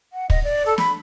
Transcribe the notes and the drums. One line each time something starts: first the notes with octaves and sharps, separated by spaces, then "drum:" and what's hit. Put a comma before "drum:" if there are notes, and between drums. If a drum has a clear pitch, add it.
F#5
D#5, drum: kick
D5
A4
B5, drum: snare